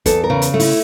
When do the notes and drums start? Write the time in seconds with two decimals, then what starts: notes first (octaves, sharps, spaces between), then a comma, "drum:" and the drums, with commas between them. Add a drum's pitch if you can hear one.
0.06 E2 A4, drum: kick, hi-hat
0.24 A#4
0.30 C#3
0.42 drum: hi-hat
0.54 A3
0.60 E4, drum: open hi-hat